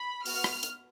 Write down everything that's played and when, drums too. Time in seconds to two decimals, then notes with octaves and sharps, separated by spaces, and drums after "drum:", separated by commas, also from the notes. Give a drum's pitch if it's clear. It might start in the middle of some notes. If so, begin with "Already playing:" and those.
Already playing: B5
0.25 B3 F#4 F6, drum: open hi-hat
0.44 drum: rim click
0.63 drum: hi-hat